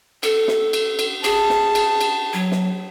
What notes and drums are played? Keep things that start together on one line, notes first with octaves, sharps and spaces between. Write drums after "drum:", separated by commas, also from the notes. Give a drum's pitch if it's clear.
A4, drum: cymbal
drum: snare
drum: cymbal
drum: cymbal
G#4 A5, drum: cymbal
drum: snare
drum: cymbal
drum: cymbal
F#3
drum: snare